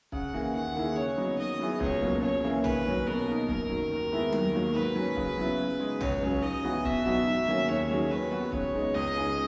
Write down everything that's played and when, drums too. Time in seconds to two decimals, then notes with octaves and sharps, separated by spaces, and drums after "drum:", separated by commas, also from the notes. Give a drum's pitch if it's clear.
0.12 C#3 F#5, drum: kick C#1
0.33 E3 A#3
0.54 D#2 F#5
0.75 D#3 A#3 E4 G#4
0.96 C#3 C#5
1.17 F#3 B3 D#4
1.39 D#3 D#5
1.59 F#3 B3 E4 G#4
1.80 C#2 C#5, drum: kick C#1
2.02 B2 F#3 A#3
2.22 C#3 C#5
2.44 E3 A#3 C#4 E4
2.64 D#3 B4, drum: tom A#1
2.86 F#3 C#4
3.06 B2 A#4
3.27 A#3 D#4
3.48 F#2 A#4, drum: kick C#1
3.69 D#3 F#3
3.91 D#2
4.12 D#3 G#3 B3 E4
4.32 D#2, drum: tom F#3
4.53 D#3 F#3 A#3
4.74 G#2 B4
4.96 F#3 C#4
5.16 C#3, drum: kick C#1
5.38 F#3 B3 E4
5.58 C#3
5.80 G#3 D#4
6.01 C#2 C#5, drum: tom A#1
6.22 C#3 F#3 C#4
6.42 G#2 D#5
6.64 E3 B3 F#4
6.85 B2 E5, drum: kick C#1
7.06 F#3 B3 D#4 F#4
7.27 G#2
7.48 D#3 F#3 A#3 C#4
7.69 D#2 C#5
7.89 D#3 F#3 C#4 G#4
8.11 D#3 B4
8.32 F#3 B3 F#4
8.52 C#3 C#5, drum: kick C#1
8.74 G#3 B3 D#4
8.94 C#2 D#5
9.16 C#3 G#3 D#4 G#4